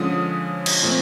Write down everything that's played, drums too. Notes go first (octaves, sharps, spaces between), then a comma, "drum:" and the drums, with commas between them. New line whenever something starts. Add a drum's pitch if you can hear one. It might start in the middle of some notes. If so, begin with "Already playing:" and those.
Already playing: D3 F3 G#3 C#4 D#6
drum: cymbal
A#2 F3 A3 C4